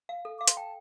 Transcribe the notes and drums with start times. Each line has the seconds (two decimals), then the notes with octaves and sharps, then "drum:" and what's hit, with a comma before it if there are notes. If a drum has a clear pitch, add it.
0.09 F5
0.25 A4
0.39 F5 D6
0.48 C6, drum: hi-hat
0.57 G5 A5